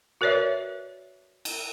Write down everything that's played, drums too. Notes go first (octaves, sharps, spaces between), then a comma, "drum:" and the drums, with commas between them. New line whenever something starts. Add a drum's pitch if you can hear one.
F#4 A#4 B4 C#5 D5 E5
drum: cymbal